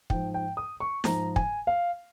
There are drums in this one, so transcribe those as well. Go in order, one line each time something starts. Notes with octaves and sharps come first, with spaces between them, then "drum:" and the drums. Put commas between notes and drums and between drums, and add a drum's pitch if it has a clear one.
G#2 F3 G5, drum: kick
G5
D#6
C#6
G#2 F3 A#5, drum: snare
G#5, drum: kick
F5